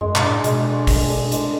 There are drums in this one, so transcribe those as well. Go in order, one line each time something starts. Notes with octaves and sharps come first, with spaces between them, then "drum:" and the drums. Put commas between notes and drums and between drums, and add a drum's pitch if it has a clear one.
F#2 G#3
B2, drum: clap
A2 D4
B2 G#3, drum: hi-hat
A4
G#3, drum: kick, open hi-hat
D4
G#3, drum: hi-hat